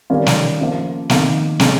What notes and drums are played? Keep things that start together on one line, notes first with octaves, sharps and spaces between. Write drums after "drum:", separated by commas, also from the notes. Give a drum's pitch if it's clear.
D#3 G3 C#4 F4 A#4
drum: snare
C#3 F3 A#3
F2 D#3 A#3, drum: snare
C#3 G#3 C#4, drum: snare